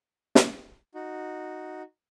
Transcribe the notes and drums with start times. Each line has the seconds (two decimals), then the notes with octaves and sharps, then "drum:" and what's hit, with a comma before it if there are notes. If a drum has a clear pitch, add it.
0.35 drum: snare
0.95 D#4 F#4